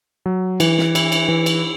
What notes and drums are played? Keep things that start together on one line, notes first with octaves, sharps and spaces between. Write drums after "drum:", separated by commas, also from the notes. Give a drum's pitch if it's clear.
F#3
E3, drum: cymbal
drum: snare
E4, drum: cymbal
drum: cymbal
E3
drum: cymbal